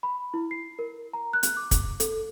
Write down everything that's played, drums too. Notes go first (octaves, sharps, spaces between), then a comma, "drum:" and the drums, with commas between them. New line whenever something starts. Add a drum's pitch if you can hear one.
B5
E4
C7
A#4
A#5
F#6
drum: hi-hat
D6
drum: kick, hi-hat
A4, drum: hi-hat